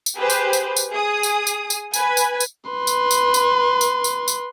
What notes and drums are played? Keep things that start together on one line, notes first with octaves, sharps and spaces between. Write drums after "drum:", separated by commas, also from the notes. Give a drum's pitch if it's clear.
drum: tambourine
G4 G#4 B4 C5
drum: tambourine
drum: tambourine
drum: tambourine
G#4 D#6
drum: tambourine
drum: tambourine
drum: tambourine
B4 G#5, drum: tambourine
drum: tambourine
drum: tambourine
B4 C6
drum: tambourine
drum: tambourine
drum: tambourine
drum: tambourine
drum: tambourine
drum: tambourine